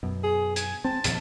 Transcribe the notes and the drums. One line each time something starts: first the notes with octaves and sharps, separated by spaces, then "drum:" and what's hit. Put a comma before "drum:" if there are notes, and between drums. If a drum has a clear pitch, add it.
F#2 B2
G#4
G#5, drum: hi-hat
C4 A5
A#1 D#2, drum: hi-hat